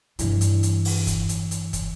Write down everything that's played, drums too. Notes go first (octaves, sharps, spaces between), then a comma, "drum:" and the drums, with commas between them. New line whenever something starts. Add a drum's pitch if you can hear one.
G2 E3, drum: hi-hat
drum: hi-hat
drum: hi-hat
drum: open hi-hat
drum: kick, hi-hat
drum: hi-hat
drum: hi-hat
drum: kick, hi-hat